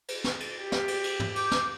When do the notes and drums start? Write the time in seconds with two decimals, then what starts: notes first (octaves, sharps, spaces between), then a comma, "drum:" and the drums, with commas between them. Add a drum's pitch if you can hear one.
0.08 drum: cymbal
0.24 drum: snare
0.40 drum: cymbal
0.62 G4
0.72 drum: snare
0.88 drum: cymbal
1.04 drum: cymbal
1.20 drum: tom
1.36 D6 G6, drum: cymbal
1.51 drum: snare